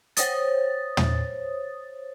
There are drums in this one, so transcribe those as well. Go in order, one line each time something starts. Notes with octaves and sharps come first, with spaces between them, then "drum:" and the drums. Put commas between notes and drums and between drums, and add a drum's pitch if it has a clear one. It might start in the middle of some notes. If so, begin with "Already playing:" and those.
C5 C#5 D#6 A6, drum: hi-hat
drum: tom